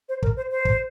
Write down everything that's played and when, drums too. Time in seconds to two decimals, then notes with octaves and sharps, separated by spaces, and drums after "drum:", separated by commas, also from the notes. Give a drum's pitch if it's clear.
0.09 C5
0.22 A#4, drum: kick
0.36 C5
0.51 C5
0.65 drum: kick